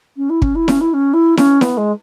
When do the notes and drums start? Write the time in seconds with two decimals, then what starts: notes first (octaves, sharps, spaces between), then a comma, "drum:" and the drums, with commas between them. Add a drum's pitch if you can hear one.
0.17 C#4
0.29 E4
0.42 C#4, drum: kick
0.55 E4
0.68 C#4, drum: snare E4
0.80 E4
0.93 C#4
1.13 E4
1.37 C#4, drum: snare E4
1.61 B3, drum: snare E4
1.77 G#3